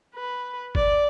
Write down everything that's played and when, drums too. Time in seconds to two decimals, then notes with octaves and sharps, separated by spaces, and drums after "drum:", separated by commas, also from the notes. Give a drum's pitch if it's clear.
0.15 B4
0.75 D5, drum: kick